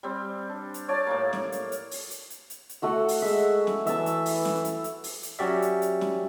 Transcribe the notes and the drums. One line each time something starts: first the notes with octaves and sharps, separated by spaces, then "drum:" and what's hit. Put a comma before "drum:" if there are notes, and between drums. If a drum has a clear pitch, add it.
G3 C4
D4
drum: hi-hat
C#5 D5 A5
A2 A#3
drum: snare C#4
drum: hi-hat
drum: hi-hat
drum: open hi-hat
drum: hi-hat
drum: hi-hat
drum: hi-hat
drum: hi-hat
A3 F#4 F#5
drum: open hi-hat
G#3 E5
drum: snare C#4
E3 E5 A5, drum: hi-hat
drum: hi-hat
drum: open hi-hat
drum: snare C#4
drum: hi-hat
drum: hi-hat
drum: open hi-hat
drum: hi-hat
F#3 C#4 F#4 G4 D5 E5
drum: hi-hat
drum: hi-hat
drum: snare C#4